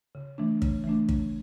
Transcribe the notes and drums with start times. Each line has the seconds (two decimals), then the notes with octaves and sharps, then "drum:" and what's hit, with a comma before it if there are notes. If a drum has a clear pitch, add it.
0.15 C#3
0.38 E3 A3 D4
0.62 C#3, drum: kick
0.84 E3 A3 D4
1.09 C#3, drum: kick